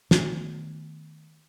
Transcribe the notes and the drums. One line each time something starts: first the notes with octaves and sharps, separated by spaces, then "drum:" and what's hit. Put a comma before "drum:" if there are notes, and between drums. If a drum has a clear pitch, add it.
D#3 A3 B3, drum: snare